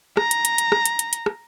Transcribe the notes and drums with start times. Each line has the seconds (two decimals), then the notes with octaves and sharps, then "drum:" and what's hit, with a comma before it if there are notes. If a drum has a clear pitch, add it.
0.17 A#5, drum: rim click
0.31 drum: hi-hat
0.45 drum: hi-hat
0.58 drum: hi-hat
0.72 drum: rim click
0.86 drum: hi-hat
0.99 drum: hi-hat
1.13 drum: hi-hat
1.26 drum: rim click